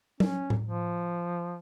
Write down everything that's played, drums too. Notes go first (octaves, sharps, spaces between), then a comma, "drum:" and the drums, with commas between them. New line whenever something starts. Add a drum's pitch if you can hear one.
C#4, drum: tom F#3
drum: tom A2
F3